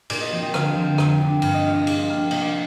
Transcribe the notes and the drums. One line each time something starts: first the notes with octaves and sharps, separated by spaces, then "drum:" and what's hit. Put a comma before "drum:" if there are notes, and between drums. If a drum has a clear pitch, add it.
A#2 D5, drum: cymbal
D#5
F3 C4
D#5
D3 F5, drum: rim click
F3 C4
F2, drum: rim click
C3 G3 D4
G2 F5, drum: cymbal
D#5
F3 A3 D4 F5
D#5
A#2 D5, drum: cymbal
D#5
G3 A#3 D4 F5
F5
C3 D#5, drum: cymbal
D5